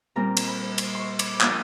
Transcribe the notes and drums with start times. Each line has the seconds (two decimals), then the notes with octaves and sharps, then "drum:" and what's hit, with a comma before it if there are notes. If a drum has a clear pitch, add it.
0.16 A#2 G3 C4 A#5
0.37 drum: cymbal
0.48 B5
0.78 C6, drum: cymbal
0.95 C6 C#6
1.19 D6, drum: cymbal
1.41 F3 A#3 D4 D#6, drum: clap